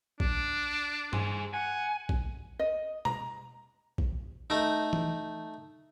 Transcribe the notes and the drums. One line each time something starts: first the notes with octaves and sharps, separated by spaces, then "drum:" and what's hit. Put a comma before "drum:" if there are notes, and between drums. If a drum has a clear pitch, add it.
D4, drum: kick A#1
G#4 C5, drum: tom G2
F#5 G#5
drum: kick A#1
D#5
A#5, drum: tom B2
drum: kick A#1
A3 D#4
drum: tom E3